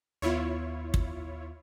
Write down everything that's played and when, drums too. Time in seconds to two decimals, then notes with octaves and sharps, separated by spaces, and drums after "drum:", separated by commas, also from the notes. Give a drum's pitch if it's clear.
0.22 D#2 B3 E4 F4 C#5
0.94 drum: kick